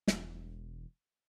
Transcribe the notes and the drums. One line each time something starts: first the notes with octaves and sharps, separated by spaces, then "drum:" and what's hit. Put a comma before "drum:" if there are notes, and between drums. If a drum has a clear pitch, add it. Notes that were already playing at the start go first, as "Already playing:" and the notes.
E1, drum: snare